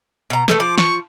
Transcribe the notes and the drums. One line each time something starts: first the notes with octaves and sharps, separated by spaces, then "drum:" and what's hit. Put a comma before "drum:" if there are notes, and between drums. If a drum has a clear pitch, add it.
B2 A#5
A3 A4 B4, drum: snare
F3 D6
C#6, drum: snare